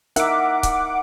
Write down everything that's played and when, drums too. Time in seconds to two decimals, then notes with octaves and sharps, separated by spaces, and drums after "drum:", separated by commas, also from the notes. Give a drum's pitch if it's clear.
0.16 D#4 A#4 E5 F#5 D6, drum: hi-hat
0.63 drum: kick C#1, hi-hat